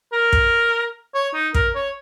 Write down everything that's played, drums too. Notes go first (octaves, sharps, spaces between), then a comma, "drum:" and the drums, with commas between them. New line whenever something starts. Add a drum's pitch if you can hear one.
A#4
drum: kick
C#5
D#4
A#4, drum: kick
C#5